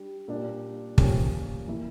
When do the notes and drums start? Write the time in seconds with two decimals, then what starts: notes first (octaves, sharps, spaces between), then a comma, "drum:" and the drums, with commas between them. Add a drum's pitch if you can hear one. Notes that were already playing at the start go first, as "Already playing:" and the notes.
Already playing: G3 D4
0.28 A#2 G3 D4
0.98 A#2 F3 C#4 G4 A#4, drum: kick
1.68 E3 A#3 E4